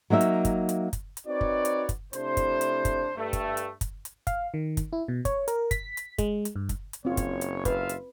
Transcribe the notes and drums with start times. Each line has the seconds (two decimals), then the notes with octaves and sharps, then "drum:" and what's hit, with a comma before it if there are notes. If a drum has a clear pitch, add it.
0.10 F#3 A#3 D#4 E5
0.21 drum: hi-hat
0.45 drum: kick, hi-hat
0.69 drum: hi-hat
0.93 drum: kick, hi-hat
1.17 drum: hi-hat
1.27 C4 D#4 F#4 B4 C#5 D5
1.41 drum: kick
1.65 drum: hi-hat
1.89 drum: kick, hi-hat
2.13 C3 A3 D4 E4 C5, drum: hi-hat
2.37 drum: kick, hi-hat
2.61 drum: hi-hat
2.85 drum: kick, hi-hat
3.17 G2 A3
3.33 drum: kick, hi-hat
3.57 drum: hi-hat
3.81 drum: kick, hi-hat
4.05 drum: hi-hat
4.27 F5, drum: kick, hi-hat
4.54 D#3
4.77 drum: kick, hi-hat
4.93 E4
5.08 B2
5.25 C#5, drum: kick, hi-hat
5.48 A#4, drum: hi-hat
5.71 B6, drum: kick, hi-hat
5.97 drum: hi-hat
6.18 G#3, drum: kick, hi-hat
6.45 drum: hi-hat
6.56 G2
6.69 drum: kick, hi-hat
6.93 drum: hi-hat
7.05 F#1 C4 F4 C#5
7.17 drum: kick, hi-hat
7.41 drum: hi-hat
7.65 F4 B4 E5 F5 B5, drum: kick, hi-hat
7.89 drum: hi-hat